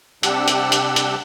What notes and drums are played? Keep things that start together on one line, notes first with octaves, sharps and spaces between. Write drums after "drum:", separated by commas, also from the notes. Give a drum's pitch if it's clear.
C3 G3 D4 G4 F#5 E6, drum: hi-hat
drum: hi-hat
drum: hi-hat
drum: hi-hat